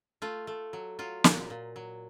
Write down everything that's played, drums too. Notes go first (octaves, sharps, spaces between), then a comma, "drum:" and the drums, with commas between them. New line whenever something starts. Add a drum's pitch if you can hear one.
A3 F4
A3
F#3
F#3 F4
A#2, drum: snare
A#2
F#3